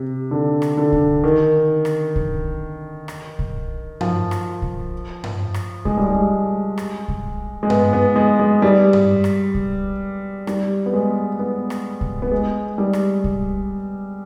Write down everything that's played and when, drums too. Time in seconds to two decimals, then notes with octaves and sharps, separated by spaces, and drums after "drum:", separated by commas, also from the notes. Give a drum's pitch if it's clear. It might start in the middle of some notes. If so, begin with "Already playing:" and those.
Already playing: C3
0.31 D3
0.62 drum: rim click
0.77 D3
0.93 drum: kick A#1
1.24 D#3
1.85 drum: rim click
2.16 drum: kick A#1
3.08 drum: rim click
3.39 drum: kick A#1
4.01 F3, drum: tom G2
4.31 drum: rim click
4.62 drum: kick A#1
5.24 drum: tom G2
5.54 drum: rim click
5.85 G#3, drum: kick A#1
5.98 G3
6.11 G#3
6.78 drum: rim click
7.08 drum: kick A#1
7.63 G#3
7.70 B3, drum: tom G2
7.93 B3
8.16 G#3
8.39 G#3
8.62 G3
8.93 drum: tom G2
9.24 drum: rim click
9.55 drum: kick A#1
10.47 G3, drum: rim click
10.86 B3
10.93 G#3
11.39 B3
11.70 drum: rim click
12.01 drum: kick A#1
12.22 B3
12.32 G#3
12.78 G3
12.93 drum: rim click
13.24 drum: kick A#1